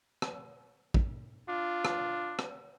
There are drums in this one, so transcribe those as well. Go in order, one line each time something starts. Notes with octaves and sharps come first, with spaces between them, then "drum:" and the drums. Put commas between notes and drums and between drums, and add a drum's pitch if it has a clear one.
drum: rim click
drum: kick
D4 F4
drum: rim click
drum: rim click